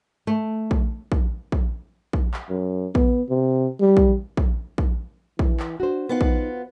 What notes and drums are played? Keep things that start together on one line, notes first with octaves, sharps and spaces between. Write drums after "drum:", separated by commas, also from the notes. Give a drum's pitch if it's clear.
A3
drum: kick
drum: kick
drum: kick
drum: kick
drum: clap
F#2
B3, drum: kick
C3
G3
drum: kick
drum: kick
drum: kick
E3, drum: kick
drum: clap
D4 F#4 C5
B3 D#4 F4 F#5
drum: kick